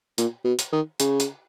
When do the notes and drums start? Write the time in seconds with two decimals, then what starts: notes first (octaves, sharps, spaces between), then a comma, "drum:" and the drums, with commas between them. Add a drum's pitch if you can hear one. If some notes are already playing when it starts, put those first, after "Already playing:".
0.18 A#2, drum: hi-hat
0.45 B2
0.59 drum: hi-hat
0.72 D#3
1.00 C#3, drum: hi-hat
1.20 drum: hi-hat